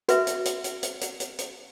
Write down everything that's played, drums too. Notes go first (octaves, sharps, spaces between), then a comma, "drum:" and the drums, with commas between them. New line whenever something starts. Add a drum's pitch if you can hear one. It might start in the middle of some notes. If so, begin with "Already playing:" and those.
F#4 B4 E5, drum: hi-hat
drum: hi-hat
drum: hi-hat
drum: hi-hat
drum: hi-hat
drum: hi-hat
drum: hi-hat
drum: hi-hat